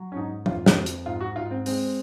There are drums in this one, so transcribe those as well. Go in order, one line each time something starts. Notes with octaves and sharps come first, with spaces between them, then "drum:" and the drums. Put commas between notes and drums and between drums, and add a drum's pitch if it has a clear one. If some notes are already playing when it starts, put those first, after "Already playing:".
Already playing: F#3
C#4
G#2 D#4
F2 F4, drum: tom
drum: snare
F2
drum: hi-hat
G#2 F4
F#4
G#2 F4
C4
G#3 C4, drum: open hi-hat